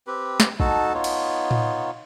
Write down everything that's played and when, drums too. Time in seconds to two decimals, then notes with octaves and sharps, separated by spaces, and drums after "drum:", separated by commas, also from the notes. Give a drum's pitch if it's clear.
0.07 C4 G4 B4
0.40 drum: snare
0.60 D#4 F#4 A4 A5, drum: kick
0.94 B3 D#4 F4 C#5
1.04 drum: cymbal
1.51 drum: tom A2